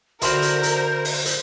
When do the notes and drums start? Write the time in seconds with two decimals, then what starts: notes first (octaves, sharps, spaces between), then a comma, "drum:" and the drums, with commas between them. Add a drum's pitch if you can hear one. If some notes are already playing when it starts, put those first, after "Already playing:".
0.22 D3 F#4 A#4 C5 E5 B5 C6 F6, drum: hi-hat
0.42 drum: hi-hat
0.63 drum: hi-hat
1.05 drum: open hi-hat
1.26 drum: hi-hat